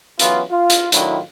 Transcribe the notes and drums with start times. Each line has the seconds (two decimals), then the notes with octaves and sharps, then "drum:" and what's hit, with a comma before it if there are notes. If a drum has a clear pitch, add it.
0.19 E3 F#3 B3 C#4 F4, drum: hi-hat
0.50 F4
0.70 drum: hi-hat
0.92 A2 D#3 F#3 D4 E4 F4, drum: hi-hat